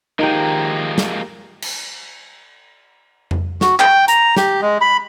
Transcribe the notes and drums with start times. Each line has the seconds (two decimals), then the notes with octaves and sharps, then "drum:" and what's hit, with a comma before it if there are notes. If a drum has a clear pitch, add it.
0.19 D#3 F3 G#3 A#3 G4 A#5 D#7
0.98 drum: snare
1.62 drum: cymbal
3.31 drum: tom F2
3.61 F#4, drum: snare
3.79 G5, drum: clap
4.08 A#5, drum: hi-hat
4.37 G4, drum: snare
4.62 G#3
4.81 B5